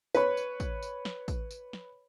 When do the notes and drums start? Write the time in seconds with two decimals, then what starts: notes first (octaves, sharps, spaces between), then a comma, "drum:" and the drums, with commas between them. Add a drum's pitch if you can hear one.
0.15 B4 C#5 B5, drum: tambourine
0.37 drum: tambourine
0.60 drum: kick, tambourine
0.83 drum: tambourine
1.05 drum: snare
1.28 drum: kick, tambourine
1.51 drum: tambourine
1.73 drum: snare